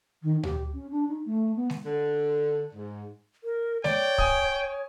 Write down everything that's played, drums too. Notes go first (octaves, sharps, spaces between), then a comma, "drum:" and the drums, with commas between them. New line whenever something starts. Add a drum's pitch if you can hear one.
D#3
G4, drum: tom D2
C#4
D4
D#4
A3
B3
drum: snare
D3
G#2
A#4
C#5 D5 G5, drum: snare
G#5 D#6, drum: kick